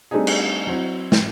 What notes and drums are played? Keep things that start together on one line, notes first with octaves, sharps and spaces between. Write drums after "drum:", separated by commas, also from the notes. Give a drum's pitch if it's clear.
G3 A3 C4 D4 D#4 G#4
drum: cymbal
F#3 C4 E4
drum: snare